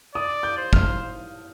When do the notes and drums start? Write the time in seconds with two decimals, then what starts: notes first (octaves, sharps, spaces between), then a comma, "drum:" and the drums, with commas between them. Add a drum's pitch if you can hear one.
0.15 D5 D#6
0.43 G6
0.58 C5
0.73 F6, drum: kick